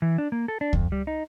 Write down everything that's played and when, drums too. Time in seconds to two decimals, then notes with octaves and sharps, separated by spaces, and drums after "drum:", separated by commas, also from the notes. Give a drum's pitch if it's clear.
0.02 E3
0.18 D4
0.32 A#3
0.48 A4
0.61 D4
0.73 F2, drum: kick C#2
0.92 G3
1.07 D#4